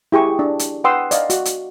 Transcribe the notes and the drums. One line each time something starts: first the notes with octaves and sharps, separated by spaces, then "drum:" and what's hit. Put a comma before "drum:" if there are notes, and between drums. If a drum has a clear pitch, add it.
E4 G4 G#4 C#6
D4
drum: hi-hat
B4 F#5 G5 C6 D#6 E6
D5 D#5 F5, drum: hi-hat
F#4, drum: hi-hat
drum: hi-hat